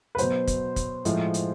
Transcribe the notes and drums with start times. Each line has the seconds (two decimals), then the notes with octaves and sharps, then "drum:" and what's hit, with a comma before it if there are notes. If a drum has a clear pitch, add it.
0.15 B4
0.18 B2 F#3 C5, drum: hi-hat
0.47 drum: kick, hi-hat
0.76 drum: kick, hi-hat
1.05 A2 F3 G#3, drum: hi-hat
1.34 drum: hi-hat